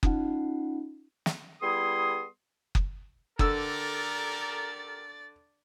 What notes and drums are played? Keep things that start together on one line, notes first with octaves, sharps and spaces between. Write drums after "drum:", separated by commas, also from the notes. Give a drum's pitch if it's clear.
C#4 D#4 F4 F#5, drum: kick F#1
drum: snare
G3 B3 E4 G#4 C6 D#6
drum: kick F#1
D3 G4 A4 A#4 D5 E6 A6, drum: kick F#1